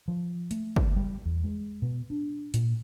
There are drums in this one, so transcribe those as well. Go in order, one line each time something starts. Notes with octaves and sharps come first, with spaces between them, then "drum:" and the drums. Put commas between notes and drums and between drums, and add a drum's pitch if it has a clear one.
F3
A3, drum: hi-hat
drum: kick
G3
E2
G#3
B2
D4
A#2, drum: hi-hat